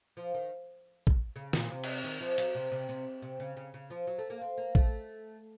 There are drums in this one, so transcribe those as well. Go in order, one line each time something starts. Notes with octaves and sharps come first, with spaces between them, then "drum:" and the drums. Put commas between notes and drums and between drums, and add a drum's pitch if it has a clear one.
F3
D#3
drum: kick A#1
C#3
A#2, drum: snare
C3
drum: cymbal
D#3
F3
F#3, drum: hi-hat
C3
C3
C3
C3
C#3
C#3
C#3
F3
F#3
A3
A#3
C4
A#3
A3, drum: kick A#1